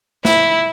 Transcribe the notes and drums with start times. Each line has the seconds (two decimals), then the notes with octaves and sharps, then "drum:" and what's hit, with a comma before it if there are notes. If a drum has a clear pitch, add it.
0.25 E4, drum: snare